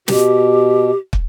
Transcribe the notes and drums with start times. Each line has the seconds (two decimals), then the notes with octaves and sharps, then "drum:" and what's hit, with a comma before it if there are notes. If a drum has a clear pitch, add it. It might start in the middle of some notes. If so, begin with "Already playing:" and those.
0.08 B2 G4, drum: snare
1.13 drum: kick